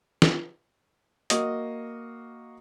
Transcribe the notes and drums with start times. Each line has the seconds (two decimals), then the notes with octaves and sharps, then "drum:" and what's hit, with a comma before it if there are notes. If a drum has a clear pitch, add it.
0.22 drum: snare
1.30 A#3 F#4 D#5, drum: hi-hat